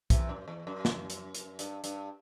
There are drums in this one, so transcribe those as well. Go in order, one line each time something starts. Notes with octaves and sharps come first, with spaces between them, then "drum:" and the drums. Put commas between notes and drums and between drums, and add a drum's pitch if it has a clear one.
C3 E3, drum: kick, hi-hat
F#2
E2
F#2
drum: snare
drum: hi-hat
drum: hi-hat
G2, drum: hi-hat
G2, drum: hi-hat